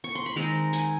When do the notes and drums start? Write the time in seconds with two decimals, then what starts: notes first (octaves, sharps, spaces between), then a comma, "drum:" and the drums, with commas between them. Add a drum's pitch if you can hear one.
0.04 C#6
0.15 C6
0.26 B5
0.36 D#3 G#3 C4 A#5
0.73 G#5, drum: hi-hat